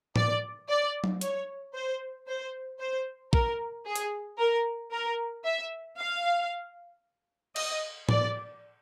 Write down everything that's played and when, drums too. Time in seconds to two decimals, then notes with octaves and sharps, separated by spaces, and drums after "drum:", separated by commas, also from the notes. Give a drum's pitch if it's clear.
0.16 D5, drum: tom A2
0.69 D5
1.04 drum: tom F#3
1.21 C#5, drum: hi-hat
1.74 C5
2.27 C5
2.79 C5
3.33 A#4, drum: kick A#1
3.86 G#4
3.96 drum: hi-hat
4.38 A#4
4.92 A#4
5.45 E5
5.97 F5
7.56 D#5, drum: cymbal
8.09 D5, drum: tom A2